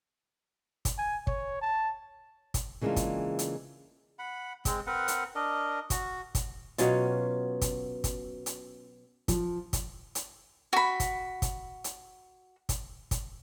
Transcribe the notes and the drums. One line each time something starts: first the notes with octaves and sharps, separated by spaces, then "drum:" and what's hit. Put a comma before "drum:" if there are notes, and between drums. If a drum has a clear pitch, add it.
drum: kick, hi-hat
G#5
C#5, drum: kick
A5
drum: kick, hi-hat
C#3 E3 G#3 A#3 D4 F4
drum: kick, hi-hat
drum: hi-hat
F#5 B5
G#3 C4, drum: kick, hi-hat
C4 A#4 B4 F#5
drum: hi-hat
D4 A#4 D#5
F#4, drum: kick, hi-hat
drum: kick, hi-hat
B2 F#3 C#4 F4, drum: hi-hat
drum: kick, hi-hat
drum: kick, hi-hat
drum: hi-hat
F3, drum: kick, hi-hat
drum: kick, hi-hat
drum: hi-hat
F#4 B5
drum: kick, hi-hat
drum: kick, hi-hat
drum: hi-hat
drum: kick, hi-hat
drum: kick, hi-hat